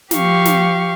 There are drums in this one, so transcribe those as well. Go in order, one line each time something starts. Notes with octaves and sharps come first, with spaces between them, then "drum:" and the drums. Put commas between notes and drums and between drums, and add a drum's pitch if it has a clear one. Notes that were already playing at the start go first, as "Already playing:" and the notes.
F3 G4 F5 C#6, drum: snare
drum: snare